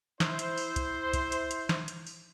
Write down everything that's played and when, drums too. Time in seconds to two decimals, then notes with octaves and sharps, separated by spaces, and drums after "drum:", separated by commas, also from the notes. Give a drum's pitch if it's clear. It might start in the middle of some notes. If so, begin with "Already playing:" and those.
0.20 E4 C5, drum: snare
0.39 drum: hi-hat
0.58 drum: open hi-hat
0.76 drum: kick, hi-hat
1.13 drum: kick, hi-hat
1.32 drum: hi-hat
1.51 drum: hi-hat
1.69 drum: snare
1.88 drum: hi-hat
2.07 drum: open hi-hat